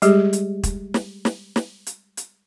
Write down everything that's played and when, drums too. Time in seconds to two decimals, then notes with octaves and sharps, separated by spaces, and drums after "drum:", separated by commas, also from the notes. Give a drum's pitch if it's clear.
0.02 G3 G#3 G4 G#4, drum: hi-hat
0.33 drum: hi-hat
0.63 drum: kick, hi-hat
0.94 drum: snare
1.25 drum: snare
1.56 drum: snare
1.86 drum: hi-hat
2.17 drum: hi-hat